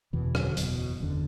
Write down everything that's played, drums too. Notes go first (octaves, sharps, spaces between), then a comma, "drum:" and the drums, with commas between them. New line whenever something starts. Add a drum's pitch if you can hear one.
F#1 E2 B2 E3
D3 F#3, drum: rim click
F#1 E2 B2, drum: hi-hat
F#1 E2 D3